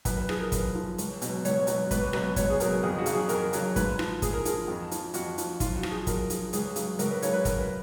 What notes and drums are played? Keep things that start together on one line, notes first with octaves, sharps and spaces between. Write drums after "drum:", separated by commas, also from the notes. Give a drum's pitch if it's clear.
F#2 B4, drum: kick, hi-hat
B4
F3 G#4, drum: rim click
A#4
F#2 B4, drum: kick, hi-hat
F3
C#2, drum: hi-hat
B2 F#3, drum: hi-hat
C#2 C#5, drum: hi-hat
B2 F#3, drum: hi-hat
C#2 B4, drum: kick, hi-hat
B2 F#3 B4, drum: rim click
C#2 C#5, drum: kick, hi-hat
G#4
B2 F#3 A#4, drum: hi-hat
F2 G#4
F#4
C#3 F#3, drum: hi-hat
G#4
F2 A#4, drum: hi-hat
C#3 F#3, drum: hi-hat
G#2 B4, drum: kick, hi-hat
F3, drum: rim click
G#2 G#4, drum: kick, hi-hat
A#4
F3 G#4, drum: hi-hat
F2
F3, drum: hi-hat
F2 F#4, drum: hi-hat
F3, drum: hi-hat
F#2 F4, drum: kick, hi-hat
F#4
F3, drum: rim click
G#4
F#2 A#4, drum: kick, hi-hat
F3 G#4, drum: hi-hat
C#2 G#4, drum: hi-hat
C#3 F#3, drum: hi-hat
C#2 A#4, drum: hi-hat
B4
C#3 F#3 C#5, drum: hi-hat
B4
F#2 A#4, drum: kick, hi-hat
B4